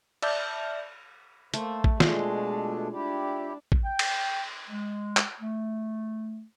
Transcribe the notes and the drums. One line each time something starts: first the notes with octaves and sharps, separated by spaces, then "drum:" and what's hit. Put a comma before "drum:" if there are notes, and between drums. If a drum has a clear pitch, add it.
D5 E5 A5 F6 G6, drum: cymbal
A3 A#3 C5, drum: hi-hat
drum: kick
B2 G#3 A3 D4 F4 C6, drum: snare
D4 E4 G4
drum: kick
G5
drum: cymbal
G#3
drum: clap
A3